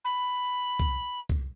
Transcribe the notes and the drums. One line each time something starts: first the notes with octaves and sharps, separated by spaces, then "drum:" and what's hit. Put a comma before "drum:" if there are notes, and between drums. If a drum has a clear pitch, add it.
B5
drum: kick C2
drum: kick C2